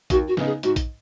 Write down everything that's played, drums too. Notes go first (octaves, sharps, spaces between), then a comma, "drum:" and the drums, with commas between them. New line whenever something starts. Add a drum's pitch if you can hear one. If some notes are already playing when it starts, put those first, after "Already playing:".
D#2 F#4, drum: kick A#1, hi-hat
F#4
C#3 B3 D#4, drum: snare
G#4
G#2 F#4, drum: hi-hat
drum: kick A#1, hi-hat